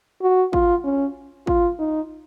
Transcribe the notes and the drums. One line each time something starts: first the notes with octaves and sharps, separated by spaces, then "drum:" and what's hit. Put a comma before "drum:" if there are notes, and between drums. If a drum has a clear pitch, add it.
F#4
F4, drum: kick
C#4
F4, drum: kick
D#4